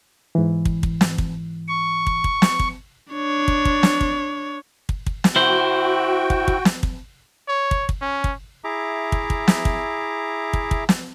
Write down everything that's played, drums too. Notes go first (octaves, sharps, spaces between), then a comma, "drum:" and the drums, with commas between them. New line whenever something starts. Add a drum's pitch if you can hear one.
G#2 E3
drum: kick
drum: kick
drum: snare
drum: kick
C#6
drum: kick
drum: kick
drum: snare
drum: kick
D4 C#5
drum: kick
drum: kick
drum: snare
drum: kick
drum: kick
drum: kick
drum: snare
E4 F#4 C5 G5
drum: kick
drum: kick
drum: snare
drum: kick
C#5
drum: kick
drum: kick
C#4
drum: kick
E4 G#4 E5 A#5 D6
drum: kick
drum: kick
drum: snare
drum: kick
drum: kick
drum: kick
drum: snare